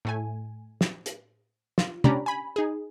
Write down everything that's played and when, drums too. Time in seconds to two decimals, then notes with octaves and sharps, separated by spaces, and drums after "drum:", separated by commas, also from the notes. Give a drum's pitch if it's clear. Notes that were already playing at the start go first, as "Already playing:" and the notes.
0.05 A2 A3 G#5
0.81 drum: snare
1.06 drum: hi-hat
1.78 F4, drum: snare
2.04 C#4 D4 G4 D5 A#5 B5, drum: tom
2.26 G#5 B5
2.56 D#4 G#4